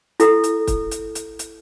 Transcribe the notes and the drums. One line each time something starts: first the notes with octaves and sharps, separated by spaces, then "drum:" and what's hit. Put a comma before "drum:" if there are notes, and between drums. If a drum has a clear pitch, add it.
E4 A4, drum: hi-hat
drum: hi-hat
drum: kick, hi-hat
drum: hi-hat
drum: hi-hat
drum: hi-hat